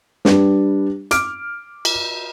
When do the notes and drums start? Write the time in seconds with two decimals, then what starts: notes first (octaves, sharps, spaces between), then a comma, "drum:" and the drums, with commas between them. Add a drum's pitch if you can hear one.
0.25 G3 D4 B4, drum: snare
1.11 D6 F6 D7, drum: hi-hat
1.85 drum: cymbal